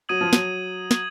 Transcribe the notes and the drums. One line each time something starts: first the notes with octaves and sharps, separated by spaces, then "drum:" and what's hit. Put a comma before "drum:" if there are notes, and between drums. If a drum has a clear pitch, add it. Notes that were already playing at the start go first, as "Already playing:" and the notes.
F#3 D#6 G#6 D#7 F#7
F3
F#3, drum: snare
D#6 G#6 D#7 F#7, drum: snare